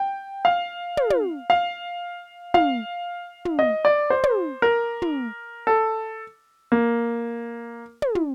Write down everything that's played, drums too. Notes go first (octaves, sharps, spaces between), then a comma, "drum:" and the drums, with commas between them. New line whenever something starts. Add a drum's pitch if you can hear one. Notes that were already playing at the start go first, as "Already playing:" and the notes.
Already playing: G5
F5
drum: tom
drum: tom
F5
F5, drum: tom
drum: tom
D#5
D5
C5
drum: tom
A#4
drum: tom
A4
A#3
drum: tom
drum: tom